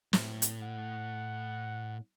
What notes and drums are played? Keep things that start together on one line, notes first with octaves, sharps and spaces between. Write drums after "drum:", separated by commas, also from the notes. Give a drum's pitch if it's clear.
A2, drum: snare
drum: hi-hat
F#5